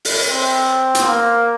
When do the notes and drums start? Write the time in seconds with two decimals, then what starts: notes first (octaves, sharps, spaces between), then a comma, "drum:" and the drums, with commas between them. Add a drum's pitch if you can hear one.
0.05 drum: open hi-hat
0.28 C4
0.95 drum: hi-hat
1.05 A#3